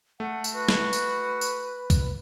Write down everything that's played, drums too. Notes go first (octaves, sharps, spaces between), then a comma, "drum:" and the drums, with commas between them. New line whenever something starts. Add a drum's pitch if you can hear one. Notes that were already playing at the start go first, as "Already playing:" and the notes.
A3 F#5
drum: tambourine
F#4 B4
drum: snare
drum: tambourine
drum: tambourine
drum: kick C2, tambourine